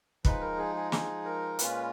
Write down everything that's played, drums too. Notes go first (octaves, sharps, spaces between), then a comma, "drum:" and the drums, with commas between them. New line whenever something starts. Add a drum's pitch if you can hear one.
F3 G#3 D#4 B4, drum: kick
A#4
G#4
G#4
G#4, drum: snare
A#4
A#2 G#3 C#4 F4 B4, drum: hi-hat